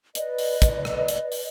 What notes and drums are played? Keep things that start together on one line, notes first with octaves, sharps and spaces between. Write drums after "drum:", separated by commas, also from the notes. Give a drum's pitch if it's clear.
B4 D5 D#5, drum: hi-hat
drum: open hi-hat
drum: kick, hi-hat
drum: rim click
drum: hi-hat
drum: open hi-hat